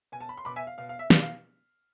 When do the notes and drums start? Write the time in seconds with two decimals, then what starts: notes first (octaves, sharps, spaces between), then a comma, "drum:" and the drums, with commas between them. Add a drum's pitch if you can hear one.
0.12 B2 G#5
0.21 A5
0.29 B5
0.38 C6
0.45 B2 B5 D6
0.56 E5 G#5
0.67 F5
0.78 B2 F5
0.89 F5
0.99 E5
1.10 B2 F5, drum: snare
1.22 F5